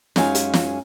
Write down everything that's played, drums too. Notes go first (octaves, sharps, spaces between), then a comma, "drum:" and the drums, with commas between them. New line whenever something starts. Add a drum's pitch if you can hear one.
F#2 G#3 C#4 D#4 F5 G#5, drum: snare
drum: hi-hat
drum: snare